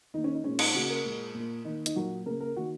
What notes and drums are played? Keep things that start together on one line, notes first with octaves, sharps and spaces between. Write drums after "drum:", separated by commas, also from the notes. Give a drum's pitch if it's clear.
D#3 A#3 D#4
C#4
D#4
A#2 G#3 C#4
D#4, drum: cymbal
C#3 A#3 F#4
A#4
A#2 G#3
A#2
A#3
D#3 A#3 D#4
D#4, drum: hi-hat
A#2 F#3 A#3 F#4
C#3 A#3 A#4
A#4
D#3 A#3 F#4